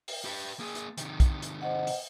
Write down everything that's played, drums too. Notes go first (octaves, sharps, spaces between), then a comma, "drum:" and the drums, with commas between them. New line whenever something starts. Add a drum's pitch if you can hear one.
drum: open hi-hat
G4 B4
A#3 G#4
drum: hi-hat
C3 D#3, drum: hi-hat
drum: kick, hi-hat
drum: hi-hat
C5 D#5 F#5
drum: open hi-hat